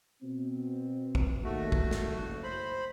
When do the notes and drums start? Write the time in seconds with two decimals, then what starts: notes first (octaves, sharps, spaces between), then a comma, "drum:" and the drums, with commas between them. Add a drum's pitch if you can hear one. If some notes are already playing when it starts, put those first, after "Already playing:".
0.22 B2 C4
1.15 drum: kick
1.44 D#2 A3 F#4
1.72 drum: kick
1.91 F#1, drum: snare
2.44 C5 B5